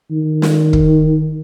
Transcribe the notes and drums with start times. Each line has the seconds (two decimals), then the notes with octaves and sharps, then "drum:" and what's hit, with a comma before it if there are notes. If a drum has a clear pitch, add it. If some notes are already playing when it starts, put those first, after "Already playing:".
0.11 D#3
0.42 drum: snare
0.73 drum: kick